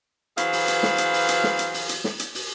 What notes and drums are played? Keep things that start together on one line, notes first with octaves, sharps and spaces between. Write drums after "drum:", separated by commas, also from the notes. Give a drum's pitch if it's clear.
E3 F#3 G#4 B4 C5 F5, drum: hi-hat
drum: open hi-hat
drum: hi-hat
drum: snare
drum: hi-hat
drum: open hi-hat
drum: hi-hat
drum: snare
drum: hi-hat
drum: open hi-hat
drum: hi-hat
drum: snare
drum: hi-hat
drum: open hi-hat